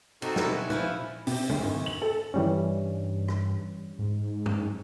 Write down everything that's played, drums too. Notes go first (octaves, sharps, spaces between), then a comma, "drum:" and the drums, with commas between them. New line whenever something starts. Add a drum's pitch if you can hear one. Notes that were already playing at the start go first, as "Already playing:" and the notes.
C3 D#4 F#4 A4, drum: cymbal
B2 E4 B4, drum: snare
G#5
F3 E4 B4, drum: tom
C3, drum: open hi-hat
D2, drum: tom C3
G#1
F#7
A4
G2 E3 G3 C#4
drum: rim click
G#2
drum: tom G2